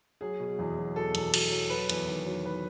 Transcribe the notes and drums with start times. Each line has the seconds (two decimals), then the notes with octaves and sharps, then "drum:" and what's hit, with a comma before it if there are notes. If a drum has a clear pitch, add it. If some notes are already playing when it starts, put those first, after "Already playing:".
0.21 F#3 G#4
0.40 B2
0.59 E2
0.78 F#3
0.96 B2 A4
1.15 E2, drum: hi-hat
1.34 B2, drum: cymbal
1.51 F#3
1.70 F#3 B4
1.90 E2, drum: hi-hat
2.08 D#3
2.26 F#3
2.45 B4